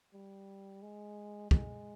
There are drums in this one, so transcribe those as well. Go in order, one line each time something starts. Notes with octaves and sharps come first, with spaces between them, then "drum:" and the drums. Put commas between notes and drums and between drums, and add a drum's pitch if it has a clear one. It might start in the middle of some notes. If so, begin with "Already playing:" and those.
G3
G#3
G#3, drum: kick